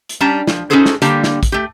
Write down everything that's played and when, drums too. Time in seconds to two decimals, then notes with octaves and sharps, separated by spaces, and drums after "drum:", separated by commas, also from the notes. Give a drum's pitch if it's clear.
0.09 drum: hi-hat
0.21 G3 C#4 D4 A5 A#5
0.47 F3, drum: snare
0.70 C#4 D#4 F#4 G#4 A4 C5
0.86 drum: snare
1.02 D3 G3 A#3 G4 A5, drum: hi-hat
1.24 drum: snare
1.43 drum: kick, hi-hat
1.52 A3 G4